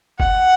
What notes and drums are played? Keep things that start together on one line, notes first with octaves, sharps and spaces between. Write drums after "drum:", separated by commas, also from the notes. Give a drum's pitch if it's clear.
F#5, drum: kick F#1